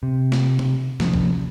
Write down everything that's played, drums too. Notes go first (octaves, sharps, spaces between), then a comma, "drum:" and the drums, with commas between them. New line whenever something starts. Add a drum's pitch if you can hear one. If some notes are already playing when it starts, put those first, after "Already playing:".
C3
drum: snare
drum: tom C3
C3 F3 A#3 C#4, drum: snare
drum: kick A#1